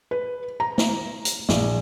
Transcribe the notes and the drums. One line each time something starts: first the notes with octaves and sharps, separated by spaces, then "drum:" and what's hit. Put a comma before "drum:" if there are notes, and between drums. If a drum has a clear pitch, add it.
B4
A#5
drum: snare
drum: hi-hat
A#1, drum: snare